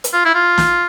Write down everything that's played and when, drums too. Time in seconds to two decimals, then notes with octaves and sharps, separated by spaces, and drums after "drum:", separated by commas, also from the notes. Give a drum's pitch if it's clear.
0.04 drum: hi-hat
0.13 F4
0.25 E4
0.35 F4
0.58 drum: snare